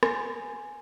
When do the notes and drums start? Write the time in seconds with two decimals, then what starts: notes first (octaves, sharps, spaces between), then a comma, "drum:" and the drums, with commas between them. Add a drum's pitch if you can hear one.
0.03 G#5, drum: rim click